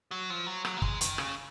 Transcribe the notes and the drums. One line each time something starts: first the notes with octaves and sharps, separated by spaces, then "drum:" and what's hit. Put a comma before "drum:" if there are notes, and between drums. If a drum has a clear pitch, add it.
F#3
F3
F#3
F#3, drum: rim click
A#3
G#3, drum: kick
D#3, drum: hi-hat
C#3, drum: rim click